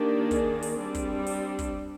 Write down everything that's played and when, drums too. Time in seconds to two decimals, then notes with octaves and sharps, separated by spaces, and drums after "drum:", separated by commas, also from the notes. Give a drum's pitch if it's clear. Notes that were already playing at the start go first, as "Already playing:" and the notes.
Already playing: D#3 A#3 D4 G4
0.31 G#4, drum: kick, hi-hat
0.62 drum: open hi-hat
0.78 G3 C4 D4
0.95 drum: kick, hi-hat
1.26 D4, drum: open hi-hat
1.59 drum: kick, hi-hat